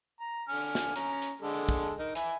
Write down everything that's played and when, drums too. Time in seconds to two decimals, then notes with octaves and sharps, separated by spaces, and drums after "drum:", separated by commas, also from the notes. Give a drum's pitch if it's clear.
0.20 A#5
0.49 D3 G#5 F6
0.75 drum: snare
0.96 C#4 A#5, drum: hi-hat
1.22 drum: hi-hat
1.42 D3 G#3 A4
1.69 drum: kick
1.99 D#4 A#4
2.15 E5 G#5 B5, drum: hi-hat